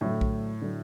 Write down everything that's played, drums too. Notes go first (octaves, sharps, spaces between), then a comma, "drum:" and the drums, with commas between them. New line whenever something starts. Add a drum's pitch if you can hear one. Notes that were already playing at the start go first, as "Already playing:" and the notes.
A2 D3 F#3 A3
drum: kick A#1
D3 F#3 A3